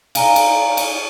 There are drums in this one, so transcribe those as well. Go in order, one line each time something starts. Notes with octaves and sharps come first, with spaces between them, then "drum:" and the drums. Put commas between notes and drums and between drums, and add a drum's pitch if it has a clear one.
F5 G#5 A#5, drum: cymbal
drum: cymbal
drum: cymbal